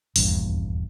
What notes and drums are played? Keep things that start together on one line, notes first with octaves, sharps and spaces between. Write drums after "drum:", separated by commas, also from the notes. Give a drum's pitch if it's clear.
D#1 A#1 E2 G2, drum: open hi-hat